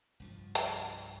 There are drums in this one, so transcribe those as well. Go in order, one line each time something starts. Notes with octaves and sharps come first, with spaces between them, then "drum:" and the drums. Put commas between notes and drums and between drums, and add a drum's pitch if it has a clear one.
C2 G2 F3
drum: hi-hat